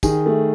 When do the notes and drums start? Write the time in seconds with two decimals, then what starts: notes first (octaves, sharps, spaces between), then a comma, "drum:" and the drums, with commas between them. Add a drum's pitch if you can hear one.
0.03 D#3 G#4, drum: kick, tambourine
0.26 A3